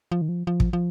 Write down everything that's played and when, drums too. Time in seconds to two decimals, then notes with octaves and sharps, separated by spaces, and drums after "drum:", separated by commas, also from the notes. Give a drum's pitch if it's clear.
0.12 F3
0.22 D#3
0.29 F3
0.47 F3
0.60 drum: kick
0.73 F3